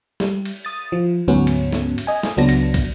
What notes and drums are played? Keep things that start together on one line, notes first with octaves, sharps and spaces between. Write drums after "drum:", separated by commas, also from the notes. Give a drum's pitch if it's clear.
G3, drum: snare
drum: cymbal
D#6 A6
F3
D2 G#2 F#3 B3 C#4
drum: cymbal
drum: snare
drum: cymbal
D#5 G#5
drum: snare
C#2 F#3 B3 D4 A#6
drum: cymbal
drum: kick, cymbal